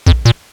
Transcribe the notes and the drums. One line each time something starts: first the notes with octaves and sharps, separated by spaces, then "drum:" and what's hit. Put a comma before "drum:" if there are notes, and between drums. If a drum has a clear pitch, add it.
F2, drum: kick
A#2